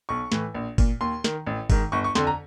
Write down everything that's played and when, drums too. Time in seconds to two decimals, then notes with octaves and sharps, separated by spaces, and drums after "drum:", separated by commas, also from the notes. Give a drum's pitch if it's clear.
0.09 B1 C#6
0.32 A2 E3, drum: snare
0.54 A#1
0.78 A#2, drum: kick G1, open hi-hat
1.01 D#2 C6
1.24 D#3, drum: snare
1.47 A1
1.70 G#2 D#3, drum: kick G1, open hi-hat
1.92 G1 C#6
2.04 C#6
2.15 F2 D3 C6, drum: snare
2.27 A#5